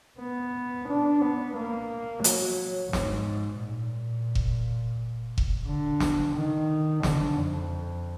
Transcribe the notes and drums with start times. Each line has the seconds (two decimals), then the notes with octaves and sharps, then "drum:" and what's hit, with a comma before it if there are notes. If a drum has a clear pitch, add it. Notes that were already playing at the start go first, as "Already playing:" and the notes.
0.19 B3
0.88 D4
1.22 B3
1.56 A#3
2.24 F#3, drum: hi-hat
2.93 G#2, drum: snare
3.61 A#2
4.35 drum: kick F1
5.38 drum: kick F1
5.67 D3
6.00 drum: snare
6.35 D#3
7.03 D3, drum: snare
7.37 F2